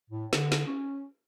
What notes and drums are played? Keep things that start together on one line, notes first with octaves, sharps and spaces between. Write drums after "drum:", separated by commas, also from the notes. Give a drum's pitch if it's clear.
A2
D3, drum: snare
drum: snare
C#4